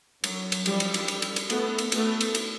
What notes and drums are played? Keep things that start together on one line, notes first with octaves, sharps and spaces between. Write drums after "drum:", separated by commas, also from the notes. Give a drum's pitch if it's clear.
F#3, drum: cymbal
drum: cymbal
F3 G3, drum: cymbal
drum: cymbal
drum: cymbal
drum: cymbal
drum: cymbal
drum: cymbal
A3 B3, drum: cymbal
drum: cymbal
A3 B3, drum: cymbal
drum: cymbal
drum: cymbal